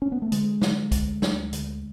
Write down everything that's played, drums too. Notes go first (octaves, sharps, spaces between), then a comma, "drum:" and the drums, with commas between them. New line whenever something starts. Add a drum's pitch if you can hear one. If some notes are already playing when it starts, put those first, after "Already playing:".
C#4
B3
A3
D3 G#3, drum: hi-hat
D3, drum: snare
D2, drum: kick, hi-hat
D2, drum: snare
D3, drum: hi-hat